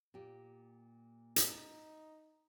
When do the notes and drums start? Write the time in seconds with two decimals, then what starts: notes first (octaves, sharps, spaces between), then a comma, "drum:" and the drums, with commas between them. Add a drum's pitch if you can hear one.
0.14 A#2 G4
1.36 drum: hi-hat
1.46 D#4